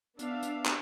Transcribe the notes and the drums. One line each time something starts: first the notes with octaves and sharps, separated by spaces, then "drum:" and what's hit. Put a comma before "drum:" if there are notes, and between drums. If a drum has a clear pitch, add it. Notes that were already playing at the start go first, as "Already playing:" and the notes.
B3 D4 E5 F5, drum: hi-hat
drum: hi-hat
drum: clap